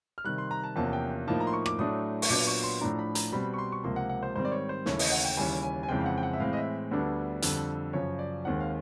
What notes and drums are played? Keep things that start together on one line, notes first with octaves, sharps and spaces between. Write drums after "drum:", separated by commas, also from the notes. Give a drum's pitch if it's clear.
F6
C3 D#3 G3 F#6
C6
A#5
A5
E2 C3 F3 A#3 C#4 A5
G5
A2 F3 A#3 D#4 A5
A#5
C6
C#6
D6, drum: rim click
A2 F#3 A3 D4 D#6
C#6, drum: open hi-hat
A#2 F#3 B3 D4 D6
C#6
C6
A2 F3 A3 D4 A#5
B5
A#5, drum: hi-hat
B2 G3 C4 B5
C#6
C6
C#6
C#2 C3 F3 A#3 C6
F#5
F#5
C5
G#2 D#3 G3 C4 C5
D5
C#5
C5
D#2 C#3 E3 A3 C#5, drum: snare
D#5, drum: open hi-hat
F#5
G5
D#2 C#3 E3 G3 G#5
G#5
G#5
F2 C#3 E3 G#3 C4 G5
F5
F#5
G5
F#5
E5
A2 E3 G#3 C4 F5
D#5
E5
D2 D3 G3 B3 D4
F2 D3 G3, drum: hi-hat
F#2 C#3 F3 C#5
D5
D#2 D#3 G#3 C4 F#5
F5